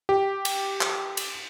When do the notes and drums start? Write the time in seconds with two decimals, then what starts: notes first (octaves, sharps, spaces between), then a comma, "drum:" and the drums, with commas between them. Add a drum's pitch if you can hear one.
0.09 G4
0.45 drum: cymbal
0.81 drum: clap
1.17 drum: cymbal